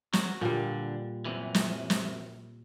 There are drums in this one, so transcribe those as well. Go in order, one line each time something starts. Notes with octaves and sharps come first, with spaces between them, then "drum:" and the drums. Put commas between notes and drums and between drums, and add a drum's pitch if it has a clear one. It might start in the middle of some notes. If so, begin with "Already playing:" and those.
F#3 F#5, drum: snare
A#2 D3 G3
F#2 C3 E3
drum: snare
drum: snare